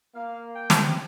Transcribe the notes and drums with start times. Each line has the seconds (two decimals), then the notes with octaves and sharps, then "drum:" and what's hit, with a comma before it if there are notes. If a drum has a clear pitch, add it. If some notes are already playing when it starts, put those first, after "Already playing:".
0.15 A#3 F5
0.55 G5
0.70 drum: snare